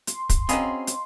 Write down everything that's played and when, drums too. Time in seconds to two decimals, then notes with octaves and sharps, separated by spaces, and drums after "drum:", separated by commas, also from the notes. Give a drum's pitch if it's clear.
0.07 C6, drum: hi-hat
0.30 drum: kick, hi-hat
0.49 F#3 C4 C#4 G#4 D#5 F5 B5, drum: hi-hat
0.87 drum: hi-hat